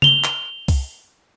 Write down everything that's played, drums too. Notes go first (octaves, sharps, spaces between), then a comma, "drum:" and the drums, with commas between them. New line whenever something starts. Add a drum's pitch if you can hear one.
F7 G7, drum: tom C#3
drum: clap
drum: kick C2, open hi-hat